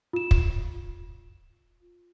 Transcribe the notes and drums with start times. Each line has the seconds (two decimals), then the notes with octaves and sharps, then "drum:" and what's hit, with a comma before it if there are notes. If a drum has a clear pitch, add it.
0.13 F4 E7
0.31 drum: kick